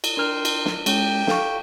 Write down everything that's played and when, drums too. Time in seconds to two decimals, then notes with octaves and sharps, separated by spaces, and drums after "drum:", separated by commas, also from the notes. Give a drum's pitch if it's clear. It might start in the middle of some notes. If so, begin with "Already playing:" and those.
0.04 drum: cymbal
0.17 D4 A#4 G5 C6 F6
0.45 drum: cymbal
0.65 drum: snare
0.86 G#3 C#4 G4 G5, drum: cymbal
1.27 A4 F5 C#6, drum: snare